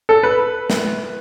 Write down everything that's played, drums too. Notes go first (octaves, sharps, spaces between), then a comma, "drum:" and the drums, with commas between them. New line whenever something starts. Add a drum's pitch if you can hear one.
A4
B4
drum: snare